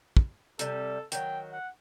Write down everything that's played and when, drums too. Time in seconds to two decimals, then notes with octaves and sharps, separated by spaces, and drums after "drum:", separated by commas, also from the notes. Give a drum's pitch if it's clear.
0.17 drum: kick
0.59 C3 G3 A4, drum: hi-hat
1.12 D#3 F#3 G5, drum: hi-hat
1.52 F#5